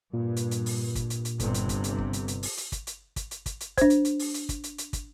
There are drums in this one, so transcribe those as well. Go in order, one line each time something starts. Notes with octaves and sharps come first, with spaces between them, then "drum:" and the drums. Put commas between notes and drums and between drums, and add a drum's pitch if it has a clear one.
G2 A#2
drum: hi-hat
drum: hi-hat
drum: open hi-hat
drum: kick, hi-hat
drum: hi-hat
drum: hi-hat
G1 G2 C3, drum: kick, hi-hat
drum: hi-hat
drum: kick, hi-hat
drum: hi-hat
drum: kick
drum: hi-hat
drum: hi-hat
drum: open hi-hat
drum: hi-hat
drum: kick, hi-hat
drum: hi-hat
drum: kick, hi-hat
drum: hi-hat
drum: kick, hi-hat
drum: hi-hat
D4 C5, drum: kick, hi-hat
drum: hi-hat
drum: hi-hat
drum: open hi-hat
drum: hi-hat
drum: kick, hi-hat
drum: hi-hat
drum: hi-hat
drum: kick, hi-hat